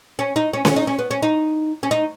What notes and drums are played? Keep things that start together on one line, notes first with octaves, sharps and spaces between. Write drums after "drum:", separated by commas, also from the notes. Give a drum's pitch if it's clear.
C#4
D#4
C#4
C#4, drum: snare C#4
D#4
C#4
B3
C#4
D#4
C#4
D#4